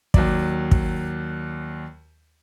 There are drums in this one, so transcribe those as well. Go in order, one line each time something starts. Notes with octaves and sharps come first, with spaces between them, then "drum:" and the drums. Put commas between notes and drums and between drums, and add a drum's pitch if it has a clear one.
D#2 F#3 D5, drum: kick
drum: kick